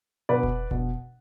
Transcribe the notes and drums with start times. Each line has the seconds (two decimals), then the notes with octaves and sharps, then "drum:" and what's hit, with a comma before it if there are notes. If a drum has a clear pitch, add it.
0.29 B2 B4 D5
0.43 drum: kick F1
0.71 B2, drum: kick F1